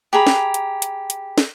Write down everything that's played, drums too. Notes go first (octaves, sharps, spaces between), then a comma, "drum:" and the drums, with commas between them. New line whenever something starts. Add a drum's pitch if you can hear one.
G4 G#4 A#5 B5
drum: snare
drum: hi-hat
drum: hi-hat
drum: hi-hat
drum: snare